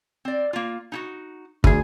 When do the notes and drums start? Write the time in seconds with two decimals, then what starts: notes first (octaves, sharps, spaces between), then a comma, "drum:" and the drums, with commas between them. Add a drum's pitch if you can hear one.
0.25 C4 D5
0.53 A#3 F4
0.92 D#4 E4 F#4
1.64 D2 G#4 G#5, drum: kick